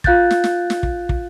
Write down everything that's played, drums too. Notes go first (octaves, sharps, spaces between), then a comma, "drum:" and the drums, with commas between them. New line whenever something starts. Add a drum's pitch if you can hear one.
F4 F5 F#6 G6 A6, drum: kick
drum: snare
drum: snare
drum: snare
drum: kick
drum: kick